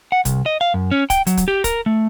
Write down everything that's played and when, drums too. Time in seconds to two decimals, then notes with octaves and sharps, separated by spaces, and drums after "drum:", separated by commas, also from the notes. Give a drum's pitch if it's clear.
0.12 F#5
0.25 C2, drum: kick, hi-hat
0.46 D#5
0.61 F5
0.74 F#2
0.91 C#4
1.10 G5, drum: kick, hi-hat
1.27 F#3, drum: hi-hat
1.37 drum: kick, hi-hat
1.48 G4
1.64 A#4, drum: kick, hi-hat
1.86 A3